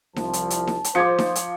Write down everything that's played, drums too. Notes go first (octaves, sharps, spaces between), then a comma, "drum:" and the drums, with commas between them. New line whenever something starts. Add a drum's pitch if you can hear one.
C2 F3 A5, drum: snare D#4
drum: hi-hat
drum: hi-hat
drum: snare D#4
drum: hi-hat
F3 C5 D6 G#6 C#7
drum: snare D#4
drum: hi-hat